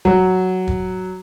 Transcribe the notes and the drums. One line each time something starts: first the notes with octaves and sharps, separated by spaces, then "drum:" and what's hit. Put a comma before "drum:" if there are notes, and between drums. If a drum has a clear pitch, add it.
F#3, drum: kick
drum: kick